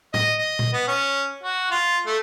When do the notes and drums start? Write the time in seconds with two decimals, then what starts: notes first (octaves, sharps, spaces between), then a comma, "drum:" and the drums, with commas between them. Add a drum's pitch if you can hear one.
0.14 D#5, drum: tom A2
0.39 D#5
0.59 drum: tom A#2
0.73 B3
0.88 C#4
1.44 F#4
1.71 F4
2.07 A3